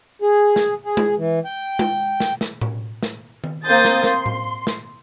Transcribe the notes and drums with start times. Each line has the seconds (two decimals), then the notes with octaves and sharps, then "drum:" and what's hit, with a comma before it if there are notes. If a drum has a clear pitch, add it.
0.22 G#4
0.56 drum: snare
0.85 G#4
0.97 drum: tom G#3
1.18 E3
1.45 G5
1.79 drum: tom G#3
2.20 drum: snare
2.41 drum: snare
2.61 drum: tom A2
3.03 drum: snare
3.44 drum: tom D#3
3.64 A#3 C4 C6 D#6 G6 A6
3.85 drum: snare
4.04 C6, drum: snare
4.26 drum: tom A2
4.67 drum: snare